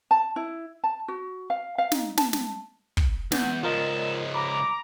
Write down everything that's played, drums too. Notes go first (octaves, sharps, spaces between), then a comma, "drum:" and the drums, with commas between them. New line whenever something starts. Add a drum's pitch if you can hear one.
A5
E4
A5
F#4
F5
F5
D#4, drum: snare
A5, drum: snare
drum: snare
drum: kick
E2 B3 G6, drum: snare
C#2 F3 F4 A#4 D#5 E7
A#5 B5 D6